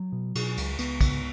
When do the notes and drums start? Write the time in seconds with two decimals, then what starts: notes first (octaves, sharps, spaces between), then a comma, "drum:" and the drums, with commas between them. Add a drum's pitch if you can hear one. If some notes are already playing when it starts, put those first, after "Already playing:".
Already playing: F#3
0.12 B2
0.35 B2, drum: cymbal
0.57 C#2, drum: cymbal
0.78 C#2 B3, drum: cymbal
1.01 C#3, drum: kick, cymbal